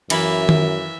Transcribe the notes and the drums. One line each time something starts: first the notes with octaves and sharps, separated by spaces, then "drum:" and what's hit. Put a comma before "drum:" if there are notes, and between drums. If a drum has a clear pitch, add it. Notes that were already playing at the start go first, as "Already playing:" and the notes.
F#2 E3 A#3 E5 B5, drum: cymbal
drum: tom D#3